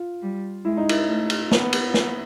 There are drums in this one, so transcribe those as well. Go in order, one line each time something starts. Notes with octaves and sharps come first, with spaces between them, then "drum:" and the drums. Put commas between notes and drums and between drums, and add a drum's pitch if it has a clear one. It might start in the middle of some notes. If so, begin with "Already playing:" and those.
Already playing: F4
G3
G#3 E4
D#4
E4, drum: cymbal
A3
drum: cymbal
B3, drum: snare
drum: cymbal
drum: snare